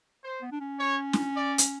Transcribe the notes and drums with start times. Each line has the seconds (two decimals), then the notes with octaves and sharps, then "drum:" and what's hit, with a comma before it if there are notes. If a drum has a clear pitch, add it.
0.24 C5
0.42 B3
0.52 D4
0.60 C#4
0.80 C#5
1.13 drum: snare
1.36 D5
1.58 drum: hi-hat